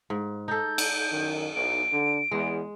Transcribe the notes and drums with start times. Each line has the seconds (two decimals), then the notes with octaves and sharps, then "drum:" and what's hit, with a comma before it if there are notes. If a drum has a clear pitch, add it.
0.10 G#2
0.48 D#4 A4 G6
0.78 drum: cymbal
1.12 F#2 D#3
1.55 B1 D7
1.92 D3
2.31 E2 G#3